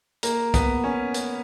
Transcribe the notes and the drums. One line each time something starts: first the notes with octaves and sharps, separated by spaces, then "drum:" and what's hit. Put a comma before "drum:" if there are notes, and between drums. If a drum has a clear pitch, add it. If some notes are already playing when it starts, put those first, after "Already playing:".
A#3, drum: hi-hat
B3, drum: kick, hi-hat
C#4
drum: hi-hat